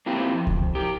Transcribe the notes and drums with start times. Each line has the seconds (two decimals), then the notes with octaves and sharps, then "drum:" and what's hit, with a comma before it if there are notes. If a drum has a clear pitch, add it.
0.06 A#3 C4 E4 F4 G4
0.34 F2
0.47 drum: kick C#2
0.75 G4 A#4